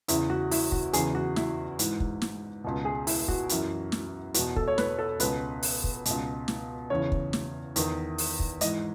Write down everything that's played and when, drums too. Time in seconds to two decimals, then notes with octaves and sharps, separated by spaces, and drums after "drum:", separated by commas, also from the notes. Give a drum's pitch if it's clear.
0.08 E2 C#3 E3 E4, drum: hi-hat
0.30 F#4
0.51 E4, drum: open hi-hat
0.72 F#4, drum: kick
0.93 E2 C#3 E3 G#4, drum: hi-hat
1.15 F#4
1.36 E4, drum: snare
1.79 G#2 E3, drum: hi-hat
2.00 drum: kick
2.22 drum: snare
2.64 C#2 B2
2.85 G#4
3.07 E4, drum: open hi-hat
3.28 F#4, drum: kick
3.49 F#2 E3, drum: hi-hat
3.92 drum: snare
4.34 E2 B2 F#4, drum: hi-hat
4.56 A4, drum: kick
4.68 C#5
4.78 B4, drum: snare
4.99 A4
5.20 C#2 B2 B4, drum: hi-hat
5.63 drum: open hi-hat
5.84 drum: kick
6.05 C#2 B2, drum: hi-hat
6.48 drum: snare
6.90 E2 C#3 E3 C#5
7.12 drum: kick
7.33 drum: snare
7.76 E2 D#3, drum: hi-hat
8.18 drum: open hi-hat
8.40 drum: kick
8.61 G#2 E3 D#5, drum: hi-hat